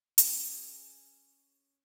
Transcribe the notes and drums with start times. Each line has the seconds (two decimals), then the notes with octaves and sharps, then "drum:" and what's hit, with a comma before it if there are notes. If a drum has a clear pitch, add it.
0.18 C#4 G#4, drum: hi-hat